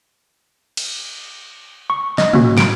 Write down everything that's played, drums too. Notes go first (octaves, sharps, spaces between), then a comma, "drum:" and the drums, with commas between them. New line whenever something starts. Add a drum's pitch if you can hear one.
drum: cymbal
C#6
D#5, drum: snare
A#3 C#4 F#4, drum: tom
D7, drum: snare